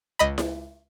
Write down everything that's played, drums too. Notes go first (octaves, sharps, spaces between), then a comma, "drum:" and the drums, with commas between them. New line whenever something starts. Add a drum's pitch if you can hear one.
C#2 D#5 B5
drum: snare E4